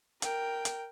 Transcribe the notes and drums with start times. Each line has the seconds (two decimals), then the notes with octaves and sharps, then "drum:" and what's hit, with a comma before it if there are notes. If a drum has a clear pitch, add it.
0.22 A#4 G5, drum: hi-hat
0.65 drum: hi-hat